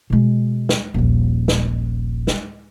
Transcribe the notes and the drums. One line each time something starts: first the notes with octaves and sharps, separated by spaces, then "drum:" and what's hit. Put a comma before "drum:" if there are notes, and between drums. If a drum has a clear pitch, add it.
B2 G#3
drum: snare
D#1 A#1
drum: snare
drum: snare